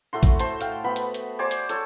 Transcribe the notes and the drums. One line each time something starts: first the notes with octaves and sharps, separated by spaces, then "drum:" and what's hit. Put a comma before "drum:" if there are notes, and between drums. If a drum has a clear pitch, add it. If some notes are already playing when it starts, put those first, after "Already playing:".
A2 A3 F#4 C6
drum: kick, hi-hat
C5 A5 C6, drum: hi-hat
F5 G5, drum: hi-hat
B3 F#4 B5
drum: hi-hat
drum: hi-hat
C5 D5 G#5 D6
drum: hi-hat
A4 C#5 C#6, drum: hi-hat